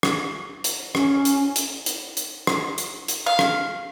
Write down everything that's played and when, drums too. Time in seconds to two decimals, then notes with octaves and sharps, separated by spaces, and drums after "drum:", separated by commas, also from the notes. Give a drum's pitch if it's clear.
0.03 drum: rim click
0.64 drum: hi-hat
0.95 C#4, drum: rim click
1.25 drum: hi-hat
1.56 drum: hi-hat
1.86 drum: hi-hat
2.17 drum: hi-hat
2.47 drum: rim click
2.78 drum: hi-hat
3.08 drum: hi-hat
3.26 F5
3.39 drum: rim click